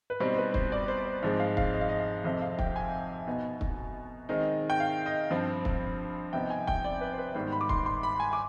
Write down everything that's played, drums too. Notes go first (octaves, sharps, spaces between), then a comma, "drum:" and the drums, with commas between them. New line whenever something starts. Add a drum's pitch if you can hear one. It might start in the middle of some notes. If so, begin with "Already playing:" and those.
B4
B2 G3 C4 D#4 C5
C5
B4
C5, drum: kick
D5
C5
C5
G#2 F3 G#3 C4
F5
F5, drum: kick
D#5
F5
D#5
F5
F2 C3 F3 C4 D#5
F5
G5, drum: kick
G#5
B2 B3 D#4
drum: kick
D#3 G#3 C4 D#4
G5
F5
D#5
G2 F3 C4
drum: kick
C3 F3 B3 D#4 G5
G#5
G5, drum: kick
D5
B4
C5
B4
G#2 D#3 G3 B3 C5
B5
D6
C6, drum: kick
C6
B5
G#5
D6